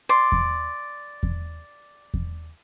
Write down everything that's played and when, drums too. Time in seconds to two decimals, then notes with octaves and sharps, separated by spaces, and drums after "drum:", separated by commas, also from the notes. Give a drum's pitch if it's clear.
0.09 D5 C6
0.32 drum: kick E2
1.23 drum: kick E2
2.14 drum: kick E2